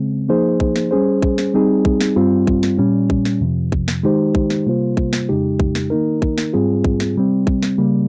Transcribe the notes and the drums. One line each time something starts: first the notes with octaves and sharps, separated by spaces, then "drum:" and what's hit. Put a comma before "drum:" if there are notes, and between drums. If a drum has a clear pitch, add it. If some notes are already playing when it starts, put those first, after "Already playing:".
Already playing: C#3 G#3 C4
F3 A#3 D#4 G#4 C5
drum: kick A#1
drum: snare
G3 C#4 G#4 C5
drum: kick A#1
drum: snare
G3 C4 D#4 G#4
drum: kick A#1
drum: snare
G2 G3 C4 F4
drum: kick A#1
drum: snare
A#2 G3 C#4
drum: kick A#1
drum: snare
F2 C3 F3
drum: kick A#1
drum: snare
D#3 G#3 D#4 G4 C5
drum: kick A#1
drum: snare
C3 G3 A#3 F4 C5
drum: kick A#1
drum: snare
F2 C#3 G#3 D#4 G4
drum: kick A#1
drum: snare
D#3 A#3 D#4 A#4
drum: kick A#1
drum: snare
G#2 G3 C4 F4 G#4
drum: kick A#1
drum: snare
C3 G3 C4
drum: kick A#1
drum: snare
C#3 G3 A#3